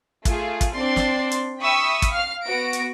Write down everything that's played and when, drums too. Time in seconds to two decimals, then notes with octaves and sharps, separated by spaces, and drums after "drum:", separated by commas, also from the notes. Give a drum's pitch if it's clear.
0.25 A3 F4 G#4, drum: kick, hi-hat
0.61 drum: kick, hi-hat
0.77 C4 D4 D5 C6
0.96 drum: snare
1.31 drum: hi-hat
1.60 E5 G5 B5 C#6 D#6 E6
2.02 drum: kick, hi-hat
2.12 F5 F6
2.44 B3 F#4 A#6 D7
2.73 drum: hi-hat